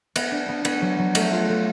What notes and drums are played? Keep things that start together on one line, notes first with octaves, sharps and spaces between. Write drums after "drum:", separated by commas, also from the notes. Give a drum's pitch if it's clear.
B3, drum: cymbal
D4
B3
B3, drum: cymbal
F#3
F#3
A3, drum: cymbal
F4
A3